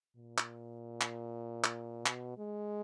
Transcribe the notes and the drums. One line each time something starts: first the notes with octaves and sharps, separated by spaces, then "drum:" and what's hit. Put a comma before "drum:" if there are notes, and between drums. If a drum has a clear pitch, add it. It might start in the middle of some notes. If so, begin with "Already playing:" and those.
A#2
drum: clap
drum: clap
drum: clap
B2, drum: clap
G#3